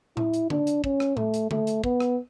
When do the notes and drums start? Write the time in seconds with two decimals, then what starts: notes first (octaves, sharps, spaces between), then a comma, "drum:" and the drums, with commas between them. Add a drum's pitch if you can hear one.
0.17 E4, drum: tom A2
0.34 drum: hi-hat
0.50 D4, drum: tom D3
0.67 drum: hi-hat
0.84 C#4, drum: kick
1.00 drum: rim click
1.17 A3, drum: tom A2
1.34 drum: hi-hat
1.51 A3, drum: tom D3
1.67 drum: hi-hat
1.84 B3, drum: kick
2.00 drum: rim click